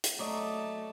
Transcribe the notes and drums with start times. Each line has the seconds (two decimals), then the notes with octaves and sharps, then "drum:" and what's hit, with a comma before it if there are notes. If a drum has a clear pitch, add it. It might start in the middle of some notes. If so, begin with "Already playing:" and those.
0.04 drum: hi-hat
0.19 F#3 A3 D5 D#5